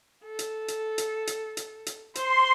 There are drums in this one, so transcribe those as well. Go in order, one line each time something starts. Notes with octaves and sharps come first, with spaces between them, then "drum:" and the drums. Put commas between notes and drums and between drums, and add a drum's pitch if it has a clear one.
A4
drum: hi-hat
drum: hi-hat
drum: hi-hat
drum: hi-hat
drum: hi-hat
drum: hi-hat
C5 C6, drum: hi-hat